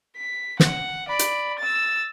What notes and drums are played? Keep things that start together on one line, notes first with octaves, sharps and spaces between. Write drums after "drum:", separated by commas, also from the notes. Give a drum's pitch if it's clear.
B6
F#5, drum: snare
D5 B5
drum: hi-hat
E6 A6